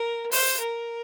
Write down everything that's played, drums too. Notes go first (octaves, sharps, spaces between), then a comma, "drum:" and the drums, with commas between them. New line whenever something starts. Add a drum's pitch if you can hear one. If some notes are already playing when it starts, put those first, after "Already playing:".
Already playing: A#4
C5, drum: open hi-hat
A#4